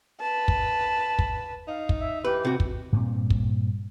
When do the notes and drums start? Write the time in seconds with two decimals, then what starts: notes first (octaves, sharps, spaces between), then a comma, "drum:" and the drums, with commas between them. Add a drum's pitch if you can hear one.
0.20 B4 A5
0.48 drum: kick
1.19 drum: kick
1.67 D#4 F5
1.89 drum: kick
1.99 E5
2.25 E3 G4 B4
2.45 C3 F#4
2.60 drum: kick
2.92 G2 A#2 C4
3.30 drum: kick